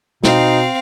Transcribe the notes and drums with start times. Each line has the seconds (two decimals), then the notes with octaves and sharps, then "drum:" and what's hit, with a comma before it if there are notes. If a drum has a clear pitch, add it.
0.24 B2 C4 D#4 F5, drum: snare